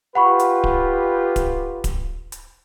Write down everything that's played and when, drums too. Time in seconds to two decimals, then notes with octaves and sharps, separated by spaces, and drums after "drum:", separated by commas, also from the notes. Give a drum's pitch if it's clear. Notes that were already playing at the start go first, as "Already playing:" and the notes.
0.15 F4 G4 B4 F#5 B5 C#6
0.39 drum: hi-hat
0.64 drum: kick D1
1.36 drum: kick D1, hi-hat
1.84 drum: kick D1, hi-hat
2.32 drum: hi-hat